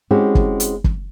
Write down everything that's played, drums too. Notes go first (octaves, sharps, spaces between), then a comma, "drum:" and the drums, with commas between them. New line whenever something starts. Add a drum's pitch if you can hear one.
G#3 C4 C#4 E4 F#4 G4
drum: kick
drum: hi-hat
drum: kick